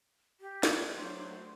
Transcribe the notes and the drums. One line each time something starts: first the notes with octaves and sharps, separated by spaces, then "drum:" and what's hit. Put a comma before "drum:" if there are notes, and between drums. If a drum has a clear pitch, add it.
G4
drum: snare
F#3 A3 D4 C5